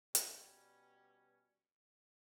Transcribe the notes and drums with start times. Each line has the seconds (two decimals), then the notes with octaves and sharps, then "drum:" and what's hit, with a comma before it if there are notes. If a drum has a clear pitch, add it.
0.15 B2 G3 C#4, drum: hi-hat